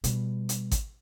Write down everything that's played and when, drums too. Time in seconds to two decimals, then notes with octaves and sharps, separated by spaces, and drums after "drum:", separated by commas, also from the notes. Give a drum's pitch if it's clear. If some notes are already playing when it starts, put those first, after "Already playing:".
0.04 B2 G3, drum: hi-hat
0.49 drum: hi-hat
0.71 drum: kick G#1, hi-hat